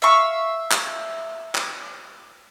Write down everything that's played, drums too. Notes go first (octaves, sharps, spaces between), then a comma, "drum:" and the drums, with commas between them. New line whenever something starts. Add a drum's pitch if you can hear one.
E5 F5 C#6
drum: clap
drum: clap